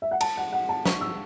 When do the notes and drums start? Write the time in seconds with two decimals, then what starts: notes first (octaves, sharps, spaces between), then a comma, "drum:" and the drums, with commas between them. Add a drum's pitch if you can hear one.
0.02 E5
0.11 F#5
0.21 A5, drum: cymbal
0.37 F#5
0.53 F#5
0.69 A5
0.86 C#6, drum: snare
1.01 E6